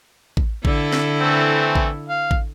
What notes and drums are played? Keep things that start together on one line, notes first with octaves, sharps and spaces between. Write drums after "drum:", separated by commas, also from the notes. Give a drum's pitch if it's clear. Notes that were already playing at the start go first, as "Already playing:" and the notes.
drum: kick A1
D3 E4 A4, drum: kick A1
drum: snare
E3 A3 C4
drum: kick A1
F5
drum: kick A1